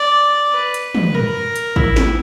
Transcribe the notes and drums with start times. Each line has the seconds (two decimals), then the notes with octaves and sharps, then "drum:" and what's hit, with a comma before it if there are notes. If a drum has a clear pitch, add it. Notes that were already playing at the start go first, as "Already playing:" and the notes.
Already playing: D5
0.54 B4
0.74 drum: hi-hat
0.95 drum: tom
1.15 A#4, drum: tom
1.56 drum: hi-hat
1.76 E4, drum: kick
1.96 drum: snare